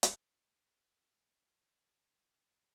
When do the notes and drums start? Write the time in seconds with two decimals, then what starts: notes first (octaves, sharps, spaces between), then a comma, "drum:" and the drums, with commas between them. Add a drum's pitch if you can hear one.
0.03 drum: hi-hat
0.19 E4 G4
0.74 F#3 B5 D6 G6
1.52 D#5
1.90 F#5 B5 G6
2.25 A2